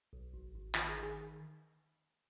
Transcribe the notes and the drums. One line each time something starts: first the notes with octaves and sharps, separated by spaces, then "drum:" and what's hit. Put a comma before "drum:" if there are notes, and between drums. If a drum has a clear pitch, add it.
B1
G#1
G#1
D#3 F4, drum: clap
G#4
D#3
G#4